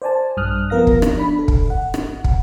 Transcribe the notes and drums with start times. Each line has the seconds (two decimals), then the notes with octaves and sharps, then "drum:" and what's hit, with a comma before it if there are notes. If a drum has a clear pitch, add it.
0.02 C5 D5 G#5 A5
0.37 A#1 G2 D#6 F6 F#6
0.70 F3 B3 A#4 F5 A#6
0.87 drum: kick
1.02 drum: rim click
1.17 D4 B5
1.39 A4
1.48 drum: kick
1.67 G#1 F#5
1.94 drum: rim click
2.24 drum: kick